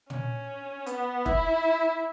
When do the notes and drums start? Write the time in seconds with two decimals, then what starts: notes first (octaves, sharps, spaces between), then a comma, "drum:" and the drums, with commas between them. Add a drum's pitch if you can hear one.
0.10 C#4, drum: tom
0.86 B3, drum: hi-hat
1.26 E4, drum: kick E1